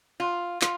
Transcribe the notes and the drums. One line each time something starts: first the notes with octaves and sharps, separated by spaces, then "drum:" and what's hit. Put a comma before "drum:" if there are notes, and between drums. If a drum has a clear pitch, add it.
F4
F4, drum: clap